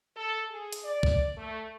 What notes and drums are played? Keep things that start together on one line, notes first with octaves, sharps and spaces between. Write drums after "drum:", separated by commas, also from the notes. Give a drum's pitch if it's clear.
A4
G#4
drum: hi-hat
D5
drum: kick B1
A3